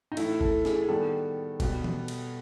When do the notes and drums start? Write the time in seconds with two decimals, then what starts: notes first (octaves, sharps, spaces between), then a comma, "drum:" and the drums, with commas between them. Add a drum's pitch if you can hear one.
0.12 D#4
0.17 A2 E3 A3 E4, drum: cymbal
0.41 A4, drum: kick G1
0.65 G#4, drum: snare
0.82 G#4
0.88 D#3 G3 B3 A4
1.60 B2 G3 B3, drum: kick G1, cymbal
1.84 drum: tom E3
2.08 drum: cymbal